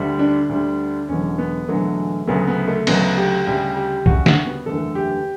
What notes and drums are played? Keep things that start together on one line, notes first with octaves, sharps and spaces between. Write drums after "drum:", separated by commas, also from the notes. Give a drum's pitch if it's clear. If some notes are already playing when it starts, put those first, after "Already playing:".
Already playing: D2 D3 G3
D4
D2 D3 G3
E1 E2 D3 F#3 C#4
B3
E1 E2 D3 F#3 A3
D2 C#3 F#3 A3 B3
B3
A3
D2 C#3 F#3 A3 B3, drum: cymbal
G4
D2 C#3 G3 G4
G4
D2 C#3 G3 F#4, drum: kick
F#4, drum: snare
B3
F#1 E2 D3 A3 A4
G4